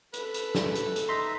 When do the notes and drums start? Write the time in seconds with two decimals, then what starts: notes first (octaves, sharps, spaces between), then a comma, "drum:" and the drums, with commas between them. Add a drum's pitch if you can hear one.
0.14 A4 B4, drum: hi-hat
0.34 drum: hi-hat
0.55 drum: snare
0.75 drum: hi-hat
0.96 drum: hi-hat
1.09 D#4 E5 A#5 C6